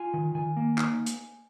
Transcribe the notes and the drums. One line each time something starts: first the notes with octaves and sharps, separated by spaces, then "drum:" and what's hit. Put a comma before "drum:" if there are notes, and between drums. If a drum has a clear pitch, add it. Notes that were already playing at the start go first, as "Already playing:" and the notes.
Already playing: F4 G#5
D#3
D#3 G#5
A#3
D#4, drum: clap
drum: hi-hat